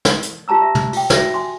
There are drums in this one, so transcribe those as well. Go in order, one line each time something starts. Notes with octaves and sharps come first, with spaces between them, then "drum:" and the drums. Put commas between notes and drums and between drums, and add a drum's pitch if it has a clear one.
drum: snare
drum: hi-hat
F4 G4 A5 A#5 E6
E5
drum: tom
F4 G5, drum: open hi-hat
F#4 E5, drum: snare
G#5 C6